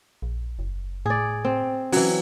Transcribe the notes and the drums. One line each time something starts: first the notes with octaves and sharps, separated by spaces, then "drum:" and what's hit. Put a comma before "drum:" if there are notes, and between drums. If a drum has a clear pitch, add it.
A#1
F#1
A2 G#4 D5
C4
E3 F#3 C#4, drum: open hi-hat